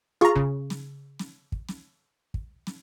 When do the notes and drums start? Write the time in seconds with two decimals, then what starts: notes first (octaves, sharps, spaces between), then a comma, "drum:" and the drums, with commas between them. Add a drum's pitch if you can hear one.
0.21 F4 G#4 A#5 C#6
0.36 C#3, drum: kick
0.70 drum: snare
1.19 drum: snare
1.52 drum: kick
1.69 drum: snare
2.34 drum: kick
2.67 drum: snare